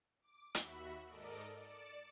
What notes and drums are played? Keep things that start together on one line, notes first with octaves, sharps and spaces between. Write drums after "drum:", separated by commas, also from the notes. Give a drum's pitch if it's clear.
D6
D#2 F#4 E5 B5, drum: hi-hat
G#2 A4 A#4 D5 D#5 D7
D5 A6 C#7 D7 E7